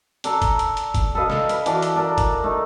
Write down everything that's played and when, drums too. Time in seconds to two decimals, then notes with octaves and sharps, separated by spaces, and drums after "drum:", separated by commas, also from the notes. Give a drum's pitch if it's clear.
0.24 D4 A4 A#5, drum: hi-hat
0.42 drum: kick G1, hi-hat
0.59 drum: hi-hat
0.77 drum: hi-hat
0.94 drum: kick G1, hi-hat
1.15 A4 B4 D#5 F5
1.30 drum: snare
1.49 B4, drum: hi-hat
1.66 E3 D4 F#4, drum: hi-hat
1.82 drum: hi-hat
1.96 D4 A#4
2.18 drum: kick G1, hi-hat
2.44 A3 D#4